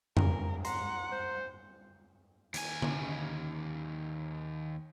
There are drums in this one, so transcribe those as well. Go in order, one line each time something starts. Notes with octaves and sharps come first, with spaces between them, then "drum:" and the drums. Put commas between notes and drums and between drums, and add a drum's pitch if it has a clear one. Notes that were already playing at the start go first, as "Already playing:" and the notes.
A#4, drum: tom F2
F#5 A#5 C6, drum: hi-hat
C5
D#2 G#5, drum: hi-hat
drum: tom D3